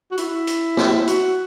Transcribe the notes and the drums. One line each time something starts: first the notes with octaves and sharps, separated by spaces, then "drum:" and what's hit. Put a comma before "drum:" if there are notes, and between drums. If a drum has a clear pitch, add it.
F#4
E4, drum: hi-hat
drum: hi-hat
drum: snare
F#4, drum: hi-hat